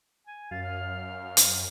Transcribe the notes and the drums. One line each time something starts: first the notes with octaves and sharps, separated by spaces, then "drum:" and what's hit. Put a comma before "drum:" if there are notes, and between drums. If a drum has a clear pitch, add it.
G#5
F#2 F5 A6
F6
drum: hi-hat